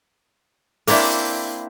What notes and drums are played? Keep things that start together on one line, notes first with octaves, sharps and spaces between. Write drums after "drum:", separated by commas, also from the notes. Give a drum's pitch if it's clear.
A#3 C4 D4 E4, drum: open hi-hat